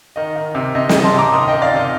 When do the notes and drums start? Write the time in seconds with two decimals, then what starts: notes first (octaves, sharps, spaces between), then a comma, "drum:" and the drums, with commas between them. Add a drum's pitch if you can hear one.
0.16 D#3 D#5
0.36 D#3
0.55 C3
0.75 C3 D#5
0.89 C3 D#5, drum: snare
1.03 A5 C6
1.14 C3 A#5 D6
1.32 D#3 C6 D#6
1.48 D#3 D#5 G5
1.62 D5 F5
1.73 C3 D#5